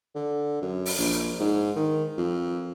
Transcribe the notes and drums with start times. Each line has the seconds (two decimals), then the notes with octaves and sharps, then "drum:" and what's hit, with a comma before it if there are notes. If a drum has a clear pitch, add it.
0.15 D3
0.62 F#2
0.86 drum: open hi-hat
0.98 A#1
1.40 G#2
1.76 D#3
2.18 F2